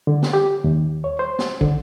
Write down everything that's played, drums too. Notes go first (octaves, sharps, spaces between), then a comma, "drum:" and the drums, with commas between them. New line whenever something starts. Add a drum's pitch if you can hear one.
D3
drum: snare
G4
D#2
C#5
C5
drum: snare
D3, drum: kick